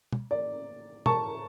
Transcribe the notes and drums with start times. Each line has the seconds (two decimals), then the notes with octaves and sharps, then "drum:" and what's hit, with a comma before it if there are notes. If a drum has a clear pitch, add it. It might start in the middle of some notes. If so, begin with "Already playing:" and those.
0.12 drum: tom
0.31 D5
1.06 A5 C#6, drum: tom